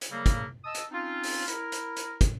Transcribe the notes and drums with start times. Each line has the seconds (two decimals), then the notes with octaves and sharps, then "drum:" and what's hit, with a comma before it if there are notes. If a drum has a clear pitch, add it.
0.01 drum: hi-hat
0.11 C#3 F#3 G3 A3 A#3
0.26 drum: kick, hi-hat
0.64 D#5 A5 D#6 E6
0.75 drum: hi-hat
0.91 C4 C#4 D#4 F4
1.23 drum: open hi-hat
1.48 E4 A#4, drum: hi-hat
1.72 drum: hi-hat
1.96 drum: hi-hat
2.21 drum: kick, hi-hat